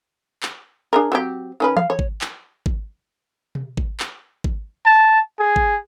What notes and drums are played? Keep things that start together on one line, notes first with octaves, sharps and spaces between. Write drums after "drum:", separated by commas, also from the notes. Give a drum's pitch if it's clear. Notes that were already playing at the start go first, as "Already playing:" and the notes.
drum: clap
D4 G#4 A#4
F#3 C4 G4
D#3 C#4 B4
F5, drum: tom E3
C#5
drum: kick G#1
drum: clap
drum: kick G#1
drum: tom B2
drum: kick G#1
drum: clap
drum: kick G#1
A5
G#4
drum: kick G#1